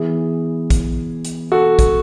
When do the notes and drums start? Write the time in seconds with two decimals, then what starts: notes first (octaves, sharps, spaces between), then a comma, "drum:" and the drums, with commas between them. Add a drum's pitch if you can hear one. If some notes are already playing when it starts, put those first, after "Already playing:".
Already playing: E3 B3 G#4
0.70 drum: kick A#1, hi-hat
1.25 drum: hi-hat
1.52 F#4 A4
1.79 drum: kick A#1, hi-hat